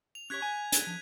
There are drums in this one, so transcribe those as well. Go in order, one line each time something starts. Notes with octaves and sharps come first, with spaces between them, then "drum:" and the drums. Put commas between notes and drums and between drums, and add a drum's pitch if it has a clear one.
F7
C#4 G4 C#5 F#6 G#6 B6
G#5
F#6 G#6 D#7, drum: hi-hat
F3